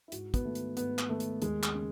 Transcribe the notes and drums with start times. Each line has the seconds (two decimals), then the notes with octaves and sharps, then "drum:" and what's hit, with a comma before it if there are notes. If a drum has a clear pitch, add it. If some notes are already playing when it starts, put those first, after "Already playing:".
0.08 E4
0.12 G#2 F#4, drum: hi-hat
0.34 B3, drum: kick, hi-hat
0.45 D#3 A3
0.55 drum: hi-hat
0.77 G#2 B3, drum: hi-hat
0.99 drum: clap
1.09 D#3 A3
1.20 drum: hi-hat
1.42 D#2 G#3, drum: hi-hat
1.63 drum: clap
1.74 C#3